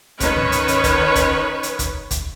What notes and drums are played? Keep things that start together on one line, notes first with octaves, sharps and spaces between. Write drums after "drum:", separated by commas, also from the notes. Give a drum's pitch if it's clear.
D#3 C#4 B4 C#5, drum: kick, hi-hat
drum: tom
drum: hi-hat
drum: hi-hat
drum: kick, hi-hat
drum: kick, hi-hat
drum: hi-hat
drum: kick, hi-hat
drum: kick, hi-hat